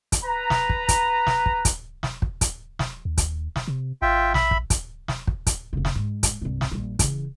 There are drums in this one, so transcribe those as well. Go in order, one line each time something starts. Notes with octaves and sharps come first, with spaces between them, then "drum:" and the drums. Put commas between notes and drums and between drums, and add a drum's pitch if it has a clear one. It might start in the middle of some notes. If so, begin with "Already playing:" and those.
drum: kick, hi-hat
B4 A#5
drum: snare
drum: kick
drum: kick, hi-hat
drum: snare
drum: kick
drum: kick, hi-hat
drum: snare
drum: kick
drum: kick, hi-hat
drum: snare
D#2
drum: kick, hi-hat
drum: snare
C3
G#1 F4 E5 G5
A#1 E5 B5, drum: snare
drum: kick
drum: kick, hi-hat
drum: snare
drum: kick
drum: kick, hi-hat
F1 C#3
drum: snare
G#2
drum: kick, hi-hat
C2 G2
drum: snare
A#1 G3
C#3 E3, drum: kick, hi-hat